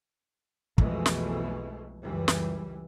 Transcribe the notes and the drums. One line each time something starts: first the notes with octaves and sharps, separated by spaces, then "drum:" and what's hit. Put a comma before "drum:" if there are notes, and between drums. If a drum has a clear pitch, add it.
B1 F2 B2 E3 G#3 A3, drum: kick
drum: snare
C#2 F#2 E3 G3
drum: snare